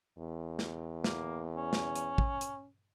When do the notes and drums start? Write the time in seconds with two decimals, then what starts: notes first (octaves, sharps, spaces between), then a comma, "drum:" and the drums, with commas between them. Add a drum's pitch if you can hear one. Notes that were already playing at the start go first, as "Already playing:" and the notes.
0.18 E2
0.59 drum: snare
1.04 A#3, drum: snare
1.57 C#4
1.73 drum: snare
1.96 drum: hi-hat
2.18 drum: kick
2.41 drum: hi-hat